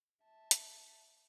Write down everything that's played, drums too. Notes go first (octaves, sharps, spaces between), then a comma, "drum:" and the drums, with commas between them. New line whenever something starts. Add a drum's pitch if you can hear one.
E5 A5
drum: hi-hat